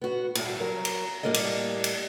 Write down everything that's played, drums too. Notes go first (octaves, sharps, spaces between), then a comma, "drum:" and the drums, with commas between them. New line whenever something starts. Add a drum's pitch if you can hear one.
B3 F#4
D#2 A2 G3 E4, drum: cymbal
F#3 A#4
drum: cymbal
A2 G3 A#3 D5 D#5
drum: cymbal
drum: cymbal